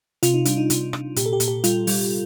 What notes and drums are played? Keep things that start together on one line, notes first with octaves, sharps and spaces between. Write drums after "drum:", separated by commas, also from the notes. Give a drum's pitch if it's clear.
C3 F4, drum: hi-hat
D#4
G3 D4, drum: hi-hat
D#4
C3 F4, drum: hi-hat
C3, drum: rim click
A#2 G4, drum: hi-hat
A4
G4
A#2, drum: hi-hat
G4
G3 F4, drum: hi-hat
G3, drum: open hi-hat